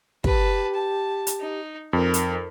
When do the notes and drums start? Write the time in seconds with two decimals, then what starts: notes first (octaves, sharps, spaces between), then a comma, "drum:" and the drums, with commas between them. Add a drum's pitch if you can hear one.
0.24 G4 B4 A5, drum: kick
0.74 A5
1.27 drum: hi-hat
1.40 D#4
1.93 F2 D#4 A#4
2.14 drum: hi-hat